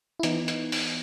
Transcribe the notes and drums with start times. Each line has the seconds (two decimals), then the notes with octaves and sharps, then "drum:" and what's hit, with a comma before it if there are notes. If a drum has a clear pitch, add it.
0.19 E4
0.23 E3 B3 D#4, drum: hi-hat
0.48 drum: hi-hat
0.72 drum: open hi-hat